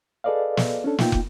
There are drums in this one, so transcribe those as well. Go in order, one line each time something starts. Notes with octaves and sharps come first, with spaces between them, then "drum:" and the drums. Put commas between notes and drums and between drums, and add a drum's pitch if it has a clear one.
G#4 A4 B4 D5 D#5 F5
drum: snare
C#4 D4 A4
A#3 D#4 F4 G5, drum: snare
drum: kick